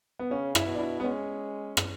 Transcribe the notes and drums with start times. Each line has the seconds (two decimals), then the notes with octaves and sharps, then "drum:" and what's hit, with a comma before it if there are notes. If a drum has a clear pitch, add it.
0.19 B3
0.30 C#3 C#4
0.55 E4, drum: rim click
0.67 B2
0.75 D4
0.79 E4
1.00 B3
1.04 G#3 C#4
1.77 drum: rim click